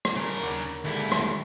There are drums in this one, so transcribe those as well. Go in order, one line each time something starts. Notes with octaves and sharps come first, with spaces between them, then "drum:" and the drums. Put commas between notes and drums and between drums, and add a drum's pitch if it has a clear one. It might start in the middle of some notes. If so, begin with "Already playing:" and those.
drum: rim click
C#3 A#4
D#2 D4 F#4
D#2 D3 G#3 E4
drum: rim click